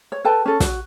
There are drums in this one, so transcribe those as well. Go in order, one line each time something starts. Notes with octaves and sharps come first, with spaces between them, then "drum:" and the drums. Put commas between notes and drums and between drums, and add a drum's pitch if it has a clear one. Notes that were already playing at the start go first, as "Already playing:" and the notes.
C#5
A4 B4 G5 A5
C#4 A4
F#4, drum: snare